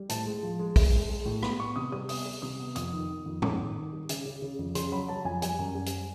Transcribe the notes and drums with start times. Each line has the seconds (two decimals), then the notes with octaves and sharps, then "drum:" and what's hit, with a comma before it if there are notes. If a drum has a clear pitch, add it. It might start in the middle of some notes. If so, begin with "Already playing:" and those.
Already playing: G3
0.09 A2 A5, drum: hi-hat
0.26 G#3
0.43 F3
0.59 G#3
0.76 G#3, drum: kick, open hi-hat
0.93 G#3
1.10 G#3
1.26 A2
1.43 B3 B5, drum: rim click
1.59 B3 C#6
1.76 C3 D#6
1.92 G3 D#6
2.09 B3 D#6, drum: open hi-hat
2.25 G3
2.42 C3 D#6
2.60 B3
2.76 F2 D#6, drum: hi-hat
2.93 D#3
3.08 D#3
3.26 F2
3.42 D#3 D6, drum: tom A2
3.58 D#3
3.76 D#3
3.92 G3
4.09 C#3, drum: hi-hat
4.26 C#3
4.42 C#3
4.59 F2
4.75 C#3 C6, drum: hi-hat
4.92 F#3 B5
5.08 F#3 A5
5.25 F2 G#5
5.42 G3 G#5, drum: hi-hat
5.59 F#2
5.75 G3
5.86 drum: hi-hat